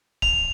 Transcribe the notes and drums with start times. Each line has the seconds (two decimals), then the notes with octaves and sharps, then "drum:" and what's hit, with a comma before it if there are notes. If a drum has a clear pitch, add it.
0.22 F7, drum: kick C#1